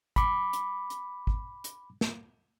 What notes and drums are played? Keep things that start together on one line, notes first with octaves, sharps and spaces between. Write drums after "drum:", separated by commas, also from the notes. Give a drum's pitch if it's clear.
B5 D6, drum: kick, hi-hat
drum: hi-hat
drum: hi-hat
drum: kick
drum: hi-hat
drum: snare